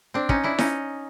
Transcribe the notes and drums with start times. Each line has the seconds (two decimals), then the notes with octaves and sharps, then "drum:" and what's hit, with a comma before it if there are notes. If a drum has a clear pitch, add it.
0.14 C4 D4
0.29 C#4 D#4, drum: kick
0.44 D4 E4
0.59 C#4 D#4, drum: snare E4